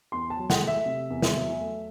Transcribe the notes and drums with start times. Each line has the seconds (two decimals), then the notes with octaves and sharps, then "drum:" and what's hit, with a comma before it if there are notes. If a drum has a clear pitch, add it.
0.12 E2 C6
0.30 A5
0.37 F#3
0.50 F#5, drum: snare
0.61 A3
0.67 E5
0.86 C3
1.10 E2
1.22 drum: snare
1.35 F#3
1.59 A3